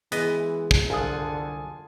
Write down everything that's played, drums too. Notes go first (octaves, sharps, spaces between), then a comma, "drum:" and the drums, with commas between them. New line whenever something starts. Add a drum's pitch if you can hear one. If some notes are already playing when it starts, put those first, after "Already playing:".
E3 G#3 B3 D#5, drum: hi-hat
drum: kick
C2 D3 F4 A4 F#5 G#5 D#6